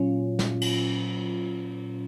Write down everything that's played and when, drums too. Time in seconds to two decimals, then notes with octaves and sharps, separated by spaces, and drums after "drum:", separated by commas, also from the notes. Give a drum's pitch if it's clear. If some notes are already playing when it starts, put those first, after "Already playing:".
Already playing: A#2 F#3 C#4 F4
0.39 drum: snare
0.61 drum: cymbal